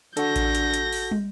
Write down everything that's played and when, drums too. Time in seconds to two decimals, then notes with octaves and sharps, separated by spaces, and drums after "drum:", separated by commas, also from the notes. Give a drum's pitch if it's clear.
0.17 D3 F#4 A4 G6 A#6, drum: hi-hat
0.36 drum: kick A1, hi-hat
0.55 drum: hi-hat
0.74 drum: hi-hat
0.93 drum: open hi-hat
1.11 drum: tom